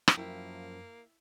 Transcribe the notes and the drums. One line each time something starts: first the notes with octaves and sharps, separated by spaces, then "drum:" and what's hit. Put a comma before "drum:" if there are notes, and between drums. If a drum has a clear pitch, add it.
drum: rim click
F#2 F3 A#3 E4 G5